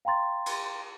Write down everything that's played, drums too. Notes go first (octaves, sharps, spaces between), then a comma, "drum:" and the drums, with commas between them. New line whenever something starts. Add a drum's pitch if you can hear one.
F5 G5 A#5 C6 A6
drum: cymbal